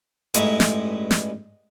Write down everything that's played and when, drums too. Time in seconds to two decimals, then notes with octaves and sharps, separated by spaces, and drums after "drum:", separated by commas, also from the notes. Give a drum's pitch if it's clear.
0.34 A1 G2 G#3 D#4 E4 C#6, drum: hi-hat
0.60 drum: snare
1.11 drum: snare